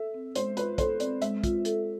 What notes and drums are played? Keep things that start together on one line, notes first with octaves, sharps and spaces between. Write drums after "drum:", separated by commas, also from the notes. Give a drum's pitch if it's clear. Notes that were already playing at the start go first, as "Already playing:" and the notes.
Already playing: A4 E5
C4
G#3 C5, drum: hi-hat
F4 B4, drum: hi-hat
A4 C5, drum: kick, hi-hat
C4 D5, drum: hi-hat
G#3 E5, drum: hi-hat
F4, drum: kick, hi-hat
A4, drum: hi-hat